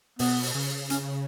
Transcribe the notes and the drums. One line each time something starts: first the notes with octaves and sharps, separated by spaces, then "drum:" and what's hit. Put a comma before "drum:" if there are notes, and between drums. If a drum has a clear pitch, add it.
B2 B3, drum: open hi-hat
drum: open hi-hat
C#3
C#4, drum: hi-hat